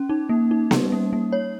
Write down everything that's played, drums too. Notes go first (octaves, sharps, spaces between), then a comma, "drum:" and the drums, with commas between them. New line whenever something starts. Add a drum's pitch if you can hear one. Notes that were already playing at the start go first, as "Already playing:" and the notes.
Already playing: C#4
D#4
A#3
D#4
G3, drum: snare B3
A#3
A#3
C#5